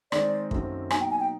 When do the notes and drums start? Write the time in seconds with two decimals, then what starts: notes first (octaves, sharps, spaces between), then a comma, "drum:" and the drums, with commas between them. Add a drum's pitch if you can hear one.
0.12 D#3 G#3 C4 D5, drum: rim click
0.51 F#2 D#3 F#3 A3 C4, drum: kick
0.91 B2 F#3 A#3 D#4 G#5, drum: rim click
1.01 G5
1.11 G#5
1.20 G5